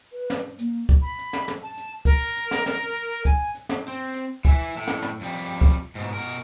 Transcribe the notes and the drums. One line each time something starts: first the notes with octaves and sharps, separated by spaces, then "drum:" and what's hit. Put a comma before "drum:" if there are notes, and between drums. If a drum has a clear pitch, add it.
B4
drum: snare
A#3, drum: hi-hat
drum: kick, hi-hat
B5
drum: hi-hat
drum: snare
drum: snare
A5
drum: hi-hat
A#4, drum: kick, hi-hat
drum: hi-hat
drum: snare
drum: snare
G#5, drum: kick, hi-hat
drum: hi-hat
drum: snare
C4
drum: hi-hat
E3 E5, drum: kick, hi-hat
A2
drum: snare
drum: snare
F2 G3
drum: hi-hat
drum: kick, hi-hat
G#2 B2
B2 A#4